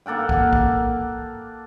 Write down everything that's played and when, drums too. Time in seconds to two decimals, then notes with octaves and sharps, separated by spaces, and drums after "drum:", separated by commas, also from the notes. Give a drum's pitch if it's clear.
0.06 A#3 A4 F#5 G5
0.29 drum: kick
0.53 drum: kick